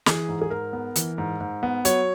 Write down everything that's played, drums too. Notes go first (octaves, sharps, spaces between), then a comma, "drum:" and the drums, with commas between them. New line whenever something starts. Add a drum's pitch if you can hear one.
E3 G#4, drum: snare
G#2
G#4
G#2 A#4
B3
E3, drum: hi-hat
G#2
G#2
B3
F#3 C#5, drum: hi-hat